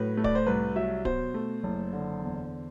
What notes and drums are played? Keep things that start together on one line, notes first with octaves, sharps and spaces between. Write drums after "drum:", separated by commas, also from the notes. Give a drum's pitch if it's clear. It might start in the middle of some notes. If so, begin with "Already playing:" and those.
Already playing: A2 F#3 B4
A3
D5, drum: kick D1
C5
C2 B4
F#3 E5
B2 C5, drum: kick D1
A3
F#1
D3
E2